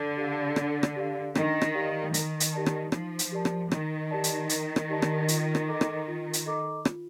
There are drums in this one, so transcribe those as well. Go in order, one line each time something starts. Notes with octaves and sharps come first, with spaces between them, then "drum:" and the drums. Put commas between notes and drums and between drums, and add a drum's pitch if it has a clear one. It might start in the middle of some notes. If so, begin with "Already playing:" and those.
Already playing: D3
G4 D5 F5
D4, drum: rim click
drum: rim click
G4 D5 F5
D#3 D4, drum: rim click
drum: rim click
G4 D5 F5
D#3 D#4, drum: hi-hat
drum: hi-hat
G4 A#4 D5 A5
drum: rim click
F3 D#4, drum: rim click
drum: hi-hat
G4 A#4 D5 A5
drum: rim click
D#3 D#4, drum: rim click
G4 A#4 D5 A5
drum: hi-hat
D#4, drum: hi-hat
drum: rim click
G4 A#4 D5 A5
drum: rim click
F4, drum: hi-hat
drum: rim click
A4 D#5 A#5 D6
drum: rim click
F4
drum: hi-hat
A4 D#5 A#5 D6
F4, drum: rim click